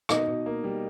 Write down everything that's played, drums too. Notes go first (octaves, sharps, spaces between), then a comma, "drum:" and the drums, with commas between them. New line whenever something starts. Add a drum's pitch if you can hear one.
B2 D#4 D#5, drum: rim click
B2
A#3
G3